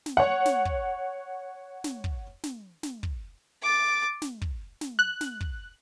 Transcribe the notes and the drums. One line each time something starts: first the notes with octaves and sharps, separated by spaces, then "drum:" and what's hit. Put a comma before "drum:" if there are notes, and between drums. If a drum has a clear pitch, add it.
drum: snare
C#5 F#5
drum: snare
drum: kick
drum: snare
drum: kick
drum: snare
drum: snare
drum: kick
D6 A6
drum: snare
drum: kick
drum: snare
F#6
drum: snare
drum: kick